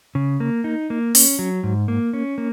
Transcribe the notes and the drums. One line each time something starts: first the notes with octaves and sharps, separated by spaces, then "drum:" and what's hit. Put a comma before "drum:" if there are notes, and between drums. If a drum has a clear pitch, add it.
C#3
A#3
D#4
A#3
C#4, drum: open hi-hat
F#3
G#2
A#3
C#4
A#3